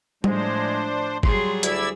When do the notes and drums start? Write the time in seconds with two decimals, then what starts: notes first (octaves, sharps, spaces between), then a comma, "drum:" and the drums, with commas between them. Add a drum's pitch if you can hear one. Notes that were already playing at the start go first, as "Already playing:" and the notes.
0.24 A2 F3 G#3 D4 C5, drum: tom G3
1.23 F#3 G3 G#4 C6, drum: kick G1
1.63 D2 E4 D5 E6 G#6, drum: hi-hat